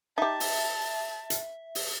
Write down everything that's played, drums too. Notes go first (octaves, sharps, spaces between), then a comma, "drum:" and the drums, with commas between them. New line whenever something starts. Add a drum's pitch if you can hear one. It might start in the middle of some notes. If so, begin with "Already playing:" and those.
D#4 G4 E5 A5
drum: open hi-hat
drum: hi-hat
drum: open hi-hat